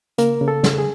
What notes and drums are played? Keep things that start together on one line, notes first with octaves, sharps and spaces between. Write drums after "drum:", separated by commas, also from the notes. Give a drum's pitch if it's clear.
C#3 A#3 A#4, drum: hi-hat
C#3
A4
C#3, drum: snare
G#4